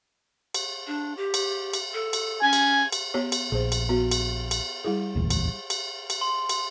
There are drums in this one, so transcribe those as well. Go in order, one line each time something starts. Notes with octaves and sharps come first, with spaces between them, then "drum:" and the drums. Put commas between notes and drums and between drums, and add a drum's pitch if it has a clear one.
drum: cymbal
D4
G4
drum: cymbal
drum: cymbal
A4
drum: cymbal
C#4 G#5
drum: cymbal
drum: cymbal
B3 G4 C#5
drum: cymbal
A#1 G#4 C5
drum: cymbal
B3 F#4
drum: cymbal
drum: cymbal
G3 E4 G#4
D1 A#1 E2
drum: cymbal
drum: cymbal
drum: cymbal
C6
drum: cymbal